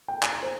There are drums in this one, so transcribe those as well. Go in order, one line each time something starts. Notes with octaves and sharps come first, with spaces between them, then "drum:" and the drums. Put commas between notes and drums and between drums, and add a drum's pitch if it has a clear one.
G5
G#5, drum: clap
A#5
C5